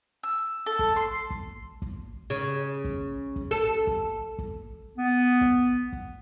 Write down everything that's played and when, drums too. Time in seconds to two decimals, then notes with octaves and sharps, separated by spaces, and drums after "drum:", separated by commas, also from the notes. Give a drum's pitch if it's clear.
0.23 E6
0.66 A4
0.79 drum: kick
0.96 C6
1.30 drum: kick
1.82 drum: kick
2.30 C#3
2.84 drum: kick
3.36 drum: kick
3.51 A4
3.87 drum: kick
4.39 drum: kick
4.98 B3
5.41 drum: kick
5.93 drum: kick